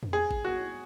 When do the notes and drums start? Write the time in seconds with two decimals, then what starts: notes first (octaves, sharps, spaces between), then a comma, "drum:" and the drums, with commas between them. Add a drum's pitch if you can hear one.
0.03 drum: tom
0.13 G#4
0.31 drum: kick G#1
0.45 F#4